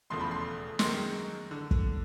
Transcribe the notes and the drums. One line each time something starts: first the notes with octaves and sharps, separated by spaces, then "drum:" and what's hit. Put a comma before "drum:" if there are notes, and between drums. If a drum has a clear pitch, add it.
E1 E2 C#3 F3 A3 C6
B5
C6
F#2 D#3 G#3 C6, drum: snare
D3
drum: kick